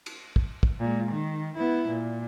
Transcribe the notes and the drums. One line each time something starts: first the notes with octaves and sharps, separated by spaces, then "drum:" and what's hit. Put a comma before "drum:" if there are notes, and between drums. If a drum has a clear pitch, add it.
drum: cymbal
drum: kick
drum: kick
A#2 G#3
D#3
B3 E4
A#2